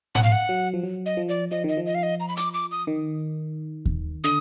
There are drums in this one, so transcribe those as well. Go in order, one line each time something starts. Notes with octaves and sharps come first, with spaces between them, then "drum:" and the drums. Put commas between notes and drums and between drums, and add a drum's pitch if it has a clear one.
F#5, drum: tom A2
F5
F#5
F#3
F3
F#3
D#5
F3
D5
F3 D#5
D#3 D#5
F3
D#5
F5
D#5
A#5
B5
D6, drum: hi-hat
D6
D#6
D#3
drum: kick D#2
D3 D#6